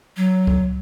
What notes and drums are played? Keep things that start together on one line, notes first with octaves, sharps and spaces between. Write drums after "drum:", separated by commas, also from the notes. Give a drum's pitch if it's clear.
F#3
drum: kick C#2